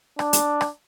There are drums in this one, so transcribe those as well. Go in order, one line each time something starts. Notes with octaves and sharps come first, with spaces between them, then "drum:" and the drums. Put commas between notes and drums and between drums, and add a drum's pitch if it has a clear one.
D4, drum: rim click
drum: hi-hat
drum: rim click